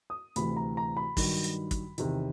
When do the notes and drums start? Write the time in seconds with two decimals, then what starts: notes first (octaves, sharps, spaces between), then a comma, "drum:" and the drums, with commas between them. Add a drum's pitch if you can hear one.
0.10 D#6
0.36 D2 C3 E3 B5, drum: hi-hat
0.57 A#5
0.77 A#5
0.97 B5
1.17 G2 D#3 F#3, drum: kick, open hi-hat
1.44 drum: hi-hat
1.71 drum: kick, hi-hat
1.98 E2 C3 D#3, drum: hi-hat